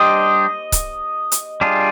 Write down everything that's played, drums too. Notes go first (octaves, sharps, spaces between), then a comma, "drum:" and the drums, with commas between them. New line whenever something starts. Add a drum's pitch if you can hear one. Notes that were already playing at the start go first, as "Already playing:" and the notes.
Already playing: G3 D4 G4 C5 D#5
drum: kick C#1, hi-hat
drum: hi-hat
G3 D4 F4 G#4